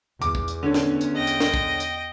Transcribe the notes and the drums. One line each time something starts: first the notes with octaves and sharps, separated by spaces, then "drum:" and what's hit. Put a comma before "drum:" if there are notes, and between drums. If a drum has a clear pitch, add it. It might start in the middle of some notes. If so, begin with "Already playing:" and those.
E2 D6, drum: hi-hat
drum: kick
drum: hi-hat
D3 C#4
drum: snare
drum: hi-hat
D#5 G5
drum: hi-hat
drum: snare
drum: kick
drum: hi-hat